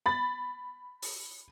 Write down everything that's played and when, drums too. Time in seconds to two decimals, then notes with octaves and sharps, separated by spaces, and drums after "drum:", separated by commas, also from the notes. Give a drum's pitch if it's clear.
0.06 B5 A6
1.02 drum: open hi-hat